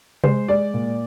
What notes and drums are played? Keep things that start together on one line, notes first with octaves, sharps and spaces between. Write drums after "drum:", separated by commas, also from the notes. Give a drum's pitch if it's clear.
G#3 C5, drum: tom C3
G#3 D5
A#2